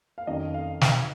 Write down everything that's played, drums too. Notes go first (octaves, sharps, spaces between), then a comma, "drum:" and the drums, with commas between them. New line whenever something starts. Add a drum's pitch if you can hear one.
F5
F2 D#3 F#3 C#4 D#5
F5
drum: snare